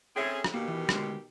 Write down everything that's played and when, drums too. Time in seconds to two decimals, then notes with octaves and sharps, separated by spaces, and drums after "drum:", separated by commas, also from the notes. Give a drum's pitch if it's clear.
0.16 C4 C#4 G#4 A4 E5 G5
0.44 drum: rim click
0.54 B2 D#3 A#3 G4
0.68 E3
0.89 D2 G#3, drum: rim click